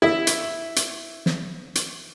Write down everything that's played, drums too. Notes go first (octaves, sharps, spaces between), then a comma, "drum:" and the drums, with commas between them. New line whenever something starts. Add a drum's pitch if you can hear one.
E4 E5
drum: hi-hat
drum: hi-hat
drum: snare
drum: hi-hat